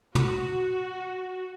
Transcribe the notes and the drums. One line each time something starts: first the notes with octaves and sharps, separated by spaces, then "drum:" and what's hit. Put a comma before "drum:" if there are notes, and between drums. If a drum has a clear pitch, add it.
F#4, drum: tom